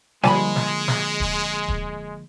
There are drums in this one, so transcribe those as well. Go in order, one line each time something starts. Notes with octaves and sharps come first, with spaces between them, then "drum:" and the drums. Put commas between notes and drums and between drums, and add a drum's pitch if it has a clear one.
D3 F3 G3 G#3 A#3 G#5 A5 B5, drum: snare
drum: snare
drum: snare
drum: kick
drum: kick